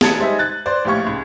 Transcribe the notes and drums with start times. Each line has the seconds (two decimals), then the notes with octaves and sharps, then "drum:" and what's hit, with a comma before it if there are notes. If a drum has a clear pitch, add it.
0.01 E3 A5 G#6 A6 C#7 D#7, drum: snare
0.17 G3 G#3 D#4 C5 D#5 E5
0.39 F#6 A6
0.66 C5 D5 C6
0.85 A#1 A2 G4 F5 C#6 G#6
1.06 C#2